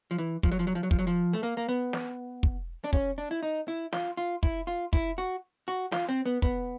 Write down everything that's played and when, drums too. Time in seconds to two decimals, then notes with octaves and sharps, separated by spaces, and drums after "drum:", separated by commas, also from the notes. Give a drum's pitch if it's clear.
0.11 F3
0.18 E3
0.43 F3, drum: kick
0.52 F#3
0.59 F3
0.67 F#3
0.75 F3
0.83 F#3
0.91 F3, drum: kick
0.99 F#3
1.07 F3
1.33 A3
1.43 A#3
1.57 A#3
1.69 B3
1.93 drum: snare
2.43 drum: kick
2.84 D4
2.93 C#4, drum: kick
3.18 D4
3.31 E4
3.43 D#4
3.68 E4
3.93 F4, drum: snare
4.17 F4
4.43 E4, drum: kick
4.67 F4
4.93 E4, drum: kick
5.18 F#4
5.68 F#4
5.92 F4, drum: snare
6.09 C4
6.26 B3
6.42 B3, drum: kick